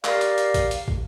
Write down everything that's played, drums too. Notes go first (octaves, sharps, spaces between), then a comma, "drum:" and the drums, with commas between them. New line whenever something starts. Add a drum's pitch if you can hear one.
G4 A#4 D5 F5, drum: clap
drum: hi-hat
drum: hi-hat
drum: kick, hi-hat
drum: hi-hat
drum: kick